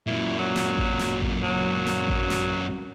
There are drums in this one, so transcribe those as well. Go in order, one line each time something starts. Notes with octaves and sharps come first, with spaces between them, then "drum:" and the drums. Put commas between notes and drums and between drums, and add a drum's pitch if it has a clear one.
F#2 A#2 E4
F#3
drum: snare
drum: kick A1
drum: snare
drum: kick A1
F#3
drum: snare
drum: kick A1
drum: snare